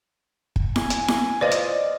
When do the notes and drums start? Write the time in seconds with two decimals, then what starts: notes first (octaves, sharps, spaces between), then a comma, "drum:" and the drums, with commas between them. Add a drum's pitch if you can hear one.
0.56 drum: kick
0.76 G#5, drum: snare E4
0.90 drum: hi-hat
1.08 drum: snare E4
1.41 F4 B4 C5 D5 D#5 F5
1.51 drum: hi-hat